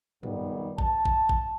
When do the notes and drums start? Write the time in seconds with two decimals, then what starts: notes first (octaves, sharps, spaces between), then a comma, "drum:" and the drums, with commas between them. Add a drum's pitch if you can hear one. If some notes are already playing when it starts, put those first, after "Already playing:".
0.23 B1 F2 D#3 G3 B3, drum: tom
0.78 A5, drum: kick
1.05 drum: kick
1.29 drum: kick